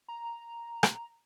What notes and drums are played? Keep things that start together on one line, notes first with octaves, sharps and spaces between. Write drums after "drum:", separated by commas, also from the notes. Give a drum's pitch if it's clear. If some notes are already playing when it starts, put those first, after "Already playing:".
A#5
drum: rim click